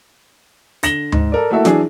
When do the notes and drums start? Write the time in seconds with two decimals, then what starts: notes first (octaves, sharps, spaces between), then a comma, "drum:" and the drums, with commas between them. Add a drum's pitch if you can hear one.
0.83 D3 A#6 E7 F#7 G7, drum: hi-hat
1.12 G#2, drum: tom D2
1.32 A4 A#4 D5
1.51 A3 A#3 E4 F#4 A4 E5
1.65 E3 F#3 D4 E4 G#4, drum: snare